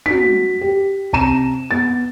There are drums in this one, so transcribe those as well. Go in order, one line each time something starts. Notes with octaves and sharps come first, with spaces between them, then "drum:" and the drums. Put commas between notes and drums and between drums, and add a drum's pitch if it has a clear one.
F#4 B6, drum: tom
G4
C3 A5 A#5 D#7 E7, drum: kick
B3 A6